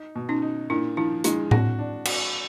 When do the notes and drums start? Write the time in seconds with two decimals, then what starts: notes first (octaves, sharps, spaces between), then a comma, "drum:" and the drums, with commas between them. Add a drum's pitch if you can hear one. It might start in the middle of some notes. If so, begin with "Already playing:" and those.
Already playing: D#4
0.15 B2
0.29 C#4 D#4
0.42 D#4
0.70 A#2 D4 E4
0.97 F3 D4 E4
1.24 G#3 D4 E4, drum: hi-hat
1.51 C4 F#4, drum: tom A2
1.79 D4
2.05 F#4, drum: cymbal